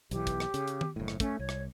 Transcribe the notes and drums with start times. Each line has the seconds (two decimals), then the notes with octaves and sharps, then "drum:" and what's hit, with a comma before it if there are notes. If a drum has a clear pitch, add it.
0.11 B1 E3 G4, drum: hi-hat
0.27 drum: kick, hi-hat
0.40 drum: rim click
0.54 C#3, drum: hi-hat
0.67 drum: hi-hat
0.81 drum: tom
0.96 F#1 A2
1.08 drum: rim click
1.20 A3 C#4, drum: kick, hi-hat
1.39 C2 C#5
1.49 drum: rim click